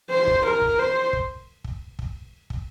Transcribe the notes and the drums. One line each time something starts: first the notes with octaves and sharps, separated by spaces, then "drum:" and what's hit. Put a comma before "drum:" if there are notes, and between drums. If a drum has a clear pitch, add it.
C5
drum: kick
A#4
drum: kick
C5
drum: kick
drum: kick
drum: kick
drum: kick